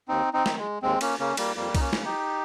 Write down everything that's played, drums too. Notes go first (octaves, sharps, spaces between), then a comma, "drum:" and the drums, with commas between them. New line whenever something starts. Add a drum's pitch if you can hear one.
D#2 C4 D#4
C4 D#4
D#3, drum: snare
G#3
D#2 G#3 C4
A#3 C#4, drum: cymbal
C#3 A#3 C#4
G3 A#3, drum: cymbal
F2 G3 A#3
D#4, drum: kick C2, cymbal
A#3 C#4
C#3, drum: snare
D#4 G4